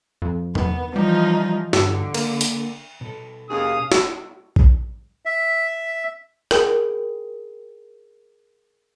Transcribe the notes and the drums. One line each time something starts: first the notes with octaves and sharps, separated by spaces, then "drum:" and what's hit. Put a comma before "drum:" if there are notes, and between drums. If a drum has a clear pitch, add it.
F2
D#3 B3, drum: tom E2
E3 F3 G3 D#4
G2 D3, drum: snare
A#3, drum: cymbal
drum: hi-hat
B2 A4
D#2 C#4 G#4 F5 D#6
drum: snare
drum: kick
E5
G#4 A#4 G5 G#5 B5 D#6, drum: rim click